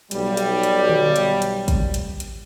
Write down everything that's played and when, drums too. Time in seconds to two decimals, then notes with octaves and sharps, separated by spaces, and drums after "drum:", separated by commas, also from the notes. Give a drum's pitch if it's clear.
0.11 B1 G3, drum: hi-hat
0.37 drum: hi-hat
0.63 drum: hi-hat
0.90 drum: tom D3
1.16 drum: hi-hat
1.42 drum: hi-hat
1.68 drum: kick, hi-hat
1.94 drum: hi-hat
2.20 drum: hi-hat